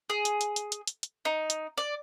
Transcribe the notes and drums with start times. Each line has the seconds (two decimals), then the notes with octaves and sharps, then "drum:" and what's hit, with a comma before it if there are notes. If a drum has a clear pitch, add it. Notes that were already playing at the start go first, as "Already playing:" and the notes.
0.10 G#4
0.25 drum: hi-hat
0.41 drum: hi-hat
0.56 drum: hi-hat
0.72 drum: hi-hat
0.87 drum: hi-hat
1.03 drum: hi-hat
1.25 D#4
1.50 drum: hi-hat
1.78 D5